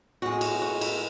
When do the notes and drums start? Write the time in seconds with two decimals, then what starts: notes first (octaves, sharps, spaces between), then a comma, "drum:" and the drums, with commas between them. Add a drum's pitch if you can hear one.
0.22 A2 G#3 F#4
0.41 F#4, drum: cymbal
0.62 F#4
0.81 E4, drum: cymbal